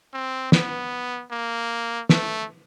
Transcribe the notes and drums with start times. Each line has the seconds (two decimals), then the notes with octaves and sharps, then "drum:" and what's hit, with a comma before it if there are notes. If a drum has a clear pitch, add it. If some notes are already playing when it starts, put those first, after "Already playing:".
0.13 C4
0.52 B3, drum: snare
1.31 A#3
2.09 A3, drum: snare